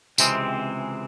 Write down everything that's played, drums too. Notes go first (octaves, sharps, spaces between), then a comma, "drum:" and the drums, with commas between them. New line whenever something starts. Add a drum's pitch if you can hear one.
C#2 C3 E3 G#3 C4, drum: tambourine